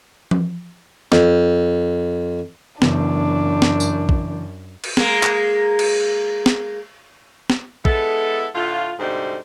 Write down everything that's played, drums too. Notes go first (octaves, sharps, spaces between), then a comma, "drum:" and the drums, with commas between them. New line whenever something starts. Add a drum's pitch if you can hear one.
drum: tom F3
F2, drum: snare
F#2 C#3 E3 B3 D4, drum: snare
drum: snare
drum: tambourine
drum: kick
drum: cymbal
G#3 A#3, drum: snare
drum: clap
drum: cymbal
drum: snare
drum: snare
G#3 B3 E4 A4, drum: kick
A2 D3 A3 F4
D2 G#2 C3 G3 D#4 C5